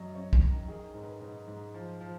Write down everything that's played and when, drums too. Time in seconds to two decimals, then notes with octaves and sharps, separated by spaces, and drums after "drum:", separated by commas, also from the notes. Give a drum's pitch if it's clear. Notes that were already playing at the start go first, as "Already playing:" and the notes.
Already playing: F#2 F#3 D#5
0.15 F#2 C#5
0.33 drum: kick
0.42 D#3
0.68 D#3 G#4
0.94 G#2
1.03 B4
1.21 G#2
1.48 G#2
1.74 F3
2.01 F3